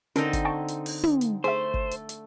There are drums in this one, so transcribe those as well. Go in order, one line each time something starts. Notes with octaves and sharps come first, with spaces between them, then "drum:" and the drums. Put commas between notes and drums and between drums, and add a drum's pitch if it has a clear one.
D3 C4 C#4 D#4 A#4 A5, drum: hi-hat
drum: kick G1, hi-hat
G5 A5 C#6
drum: hi-hat
drum: open hi-hat
drum: tom
drum: hi-hat
A3 G#4 C5 E5
drum: kick G1
drum: hi-hat
drum: hi-hat